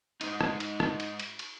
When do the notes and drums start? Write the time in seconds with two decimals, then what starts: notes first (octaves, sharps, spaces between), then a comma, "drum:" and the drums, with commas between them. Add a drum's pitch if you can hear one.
0.21 G#2 D#4, drum: cymbal
0.41 drum: rim click
0.60 drum: cymbal
0.80 drum: rim click
1.00 drum: cymbal
1.20 drum: cymbal
1.39 drum: cymbal